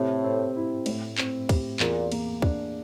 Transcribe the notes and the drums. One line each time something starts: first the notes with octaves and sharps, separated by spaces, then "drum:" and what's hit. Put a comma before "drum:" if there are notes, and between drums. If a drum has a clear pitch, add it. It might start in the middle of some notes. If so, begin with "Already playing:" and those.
Already playing: A2 C3
C4
E4
A2, drum: cymbal
C4, drum: clap
G4, drum: kick, cymbal
E2 A#2, drum: clap
A#3, drum: cymbal
D4, drum: kick